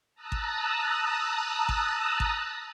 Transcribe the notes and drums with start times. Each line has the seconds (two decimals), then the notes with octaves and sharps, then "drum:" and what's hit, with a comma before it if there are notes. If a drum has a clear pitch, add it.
0.15 A5 A#5 D#6 E6 F#6
0.32 drum: kick G#1
1.69 drum: kick G#1
2.20 drum: kick G#1